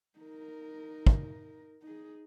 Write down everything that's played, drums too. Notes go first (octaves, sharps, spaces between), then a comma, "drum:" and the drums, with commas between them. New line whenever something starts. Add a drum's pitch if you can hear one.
D#4 A#4
drum: kick
D#4 G#4